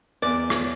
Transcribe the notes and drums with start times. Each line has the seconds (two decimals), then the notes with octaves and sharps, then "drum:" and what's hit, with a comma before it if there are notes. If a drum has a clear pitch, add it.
0.22 E2 D5
0.50 drum: rim click